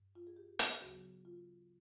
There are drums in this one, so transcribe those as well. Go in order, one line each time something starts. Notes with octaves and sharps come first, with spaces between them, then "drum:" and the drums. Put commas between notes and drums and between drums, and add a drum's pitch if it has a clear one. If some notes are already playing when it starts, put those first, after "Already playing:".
Already playing: G2
F4
G#4
G4
G#4, drum: hi-hat
D2 C#3 F#3 B3 F#4
F4